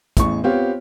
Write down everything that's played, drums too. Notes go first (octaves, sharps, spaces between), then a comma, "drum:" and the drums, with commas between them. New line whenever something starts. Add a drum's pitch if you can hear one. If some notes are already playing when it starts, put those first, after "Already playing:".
A1 E2 C#6, drum: kick, hi-hat
B3 C4 F4 G4 C#5 F5